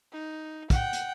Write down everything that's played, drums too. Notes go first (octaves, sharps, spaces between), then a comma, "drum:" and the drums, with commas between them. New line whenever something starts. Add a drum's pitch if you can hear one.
D#4
F#5 G5, drum: kick, hi-hat
drum: hi-hat